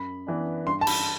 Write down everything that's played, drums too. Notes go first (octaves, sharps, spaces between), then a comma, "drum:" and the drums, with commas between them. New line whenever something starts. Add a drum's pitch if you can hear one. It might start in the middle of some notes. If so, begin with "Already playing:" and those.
Already playing: F#2 B5
E3 B3 D4
G2 C6
A5
B5, drum: cymbal